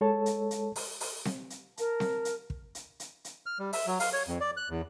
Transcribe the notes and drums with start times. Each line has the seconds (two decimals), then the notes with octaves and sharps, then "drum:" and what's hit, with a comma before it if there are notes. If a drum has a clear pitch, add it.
0.01 G#3 A4 C#5 A5
0.26 drum: hi-hat
0.51 drum: hi-hat
0.76 drum: open hi-hat
1.00 drum: open hi-hat
1.25 drum: snare C4
1.50 drum: hi-hat
1.77 A#4 A5, drum: hi-hat
2.00 drum: snare C4
2.25 drum: hi-hat
2.50 drum: kick
2.75 drum: hi-hat
3.00 drum: hi-hat
3.25 drum: hi-hat
3.46 F6
3.59 G3
3.73 E5, drum: open hi-hat
3.87 F#3
4.00 F5, drum: open hi-hat
4.13 C#5
4.28 F2
4.41 D5
4.57 F#6
4.70 E2